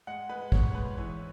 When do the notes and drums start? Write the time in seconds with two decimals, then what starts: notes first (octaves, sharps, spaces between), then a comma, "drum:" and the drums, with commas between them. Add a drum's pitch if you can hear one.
0.07 G#3 F#5
0.29 G#3 B4
0.52 G#2 C#5, drum: kick
0.74 G#2 B4
0.97 E3 C#5